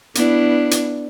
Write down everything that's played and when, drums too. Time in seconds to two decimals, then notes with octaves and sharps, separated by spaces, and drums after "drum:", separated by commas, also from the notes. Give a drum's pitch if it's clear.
0.15 B3 D4 E4, drum: hi-hat
0.71 drum: hi-hat